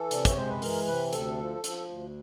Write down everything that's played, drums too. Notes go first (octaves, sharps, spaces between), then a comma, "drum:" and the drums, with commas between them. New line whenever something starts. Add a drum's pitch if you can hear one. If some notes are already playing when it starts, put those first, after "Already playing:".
Already playing: E3 A4
C3 D5, drum: hi-hat
C#5, drum: kick, hi-hat
G#3 C5
B4
E3 A#4, drum: open hi-hat
C3 B4
D2 A4, drum: hi-hat
F3
F3, drum: hi-hat
D2